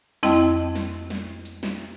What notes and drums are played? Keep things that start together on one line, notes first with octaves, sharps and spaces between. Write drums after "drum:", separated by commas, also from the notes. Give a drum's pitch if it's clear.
F2 C4 E4 D#5 G5, drum: snare
drum: hi-hat
drum: snare
drum: snare
drum: hi-hat
drum: snare